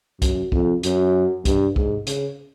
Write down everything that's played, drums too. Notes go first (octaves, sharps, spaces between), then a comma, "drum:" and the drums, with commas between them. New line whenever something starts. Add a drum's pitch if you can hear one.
F#2, drum: kick, hi-hat
F2, drum: kick
F#2, drum: hi-hat
G2, drum: kick, hi-hat
G#2, drum: kick
C#3, drum: hi-hat